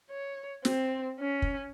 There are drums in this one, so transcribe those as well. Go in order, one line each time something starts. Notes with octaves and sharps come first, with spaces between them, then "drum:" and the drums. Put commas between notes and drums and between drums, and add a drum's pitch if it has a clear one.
C#5
C4, drum: snare
C#4
drum: kick